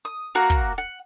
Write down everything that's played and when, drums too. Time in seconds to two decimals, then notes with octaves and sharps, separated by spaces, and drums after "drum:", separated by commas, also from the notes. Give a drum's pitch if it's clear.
0.05 D#6
0.35 A#3 F#4 A#5 F#6
0.50 drum: kick
0.78 F#5